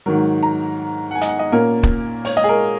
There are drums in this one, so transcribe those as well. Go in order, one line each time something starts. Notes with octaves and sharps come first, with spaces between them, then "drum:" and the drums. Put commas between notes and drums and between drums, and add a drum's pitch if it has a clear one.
G#2 D#3 F#3 A#4
A#5
F#5
G#5
D#5, drum: hi-hat
F#5
D#5
A#2 A#3 C#4 A#4
drum: kick
C#5, drum: open hi-hat
D#5
G#4
A#4